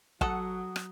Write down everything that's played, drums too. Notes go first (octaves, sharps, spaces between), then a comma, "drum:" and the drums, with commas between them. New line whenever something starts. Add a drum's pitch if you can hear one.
F#3 F#4 A4 F#5 D#6, drum: kick
drum: rim click